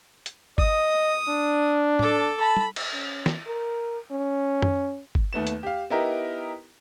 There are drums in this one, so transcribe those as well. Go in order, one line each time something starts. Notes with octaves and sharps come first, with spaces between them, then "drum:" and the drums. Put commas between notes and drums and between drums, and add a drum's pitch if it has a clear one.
drum: hi-hat
D#5 D#6, drum: kick G1
D4
A4 D6, drum: tom A2
A5 B5
drum: tom
drum: cymbal
C#4
drum: snare
A#4
C#4
drum: tom F#2
drum: kick G1
D#2 A3 B3 E7
drum: hi-hat
G4 F5
B3 D#4 E4 G4 A#4 D#5